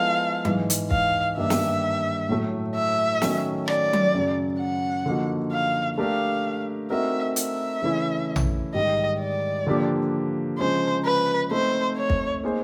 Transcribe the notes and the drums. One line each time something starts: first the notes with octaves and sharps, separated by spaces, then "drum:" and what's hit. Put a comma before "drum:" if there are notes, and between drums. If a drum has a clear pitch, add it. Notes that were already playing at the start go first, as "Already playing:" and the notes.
Already playing: F3 G#3 B3 E4 A4 F5
G#2 E3 G#3, drum: tom F#3
drum: hi-hat
F5, drum: kick
G2 D#3 G3 A#3 D4 E5
drum: snare
A2 F#3 A3
E5
D#3 F#3 A3 C#4, drum: snare
D5, drum: rim click
drum: tom F#3
F#2 C#3 F#3
F#5
D3 F3 A#3 D#4 F#4
F5
A3 D4 G4 A#4 F5
A3 C4 D#4 F#4 A#4 E5
E5, drum: hi-hat
C#3 E3 A3 C#4 E4
drum: tom A#1
G#2 D#3 G3 D#5
D5
D3 F3 A#3 D4 G4
C#3 F3 G#3 C#4 C5
B4
A3 C4 D#4 C5
C#5
drum: kick
A#3 D#4 G#4 C5